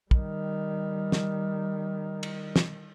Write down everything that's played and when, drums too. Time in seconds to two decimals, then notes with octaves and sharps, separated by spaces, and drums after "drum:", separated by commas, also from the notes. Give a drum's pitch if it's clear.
0.11 D#3 G3, drum: kick
1.12 drum: snare
2.23 drum: cymbal
2.56 drum: snare